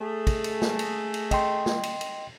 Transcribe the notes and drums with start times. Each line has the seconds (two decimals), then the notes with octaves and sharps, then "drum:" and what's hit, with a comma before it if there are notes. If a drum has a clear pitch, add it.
0.01 A3 G#4
0.27 drum: kick, cymbal
0.44 drum: cymbal
0.62 drum: snare
0.79 drum: cymbal
1.14 drum: cymbal
1.31 D#5 G5 C6, drum: kick, cymbal
1.66 drum: snare
1.83 drum: cymbal
2.01 drum: cymbal